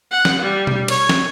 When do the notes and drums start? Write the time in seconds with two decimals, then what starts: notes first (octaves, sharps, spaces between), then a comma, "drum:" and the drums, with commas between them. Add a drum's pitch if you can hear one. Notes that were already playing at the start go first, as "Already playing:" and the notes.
0.12 F#5
0.25 drum: snare
0.42 G3
0.67 drum: tom B2
0.88 C#5, drum: cymbal
1.09 drum: snare